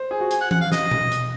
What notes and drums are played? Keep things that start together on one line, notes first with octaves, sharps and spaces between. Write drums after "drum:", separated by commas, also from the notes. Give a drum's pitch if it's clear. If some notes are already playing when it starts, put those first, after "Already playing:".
Already playing: C5
G#4
F#4
G#5, drum: hi-hat
F#5
F#5, drum: tom E3
F5
D#5, drum: snare
drum: tom B2
drum: hi-hat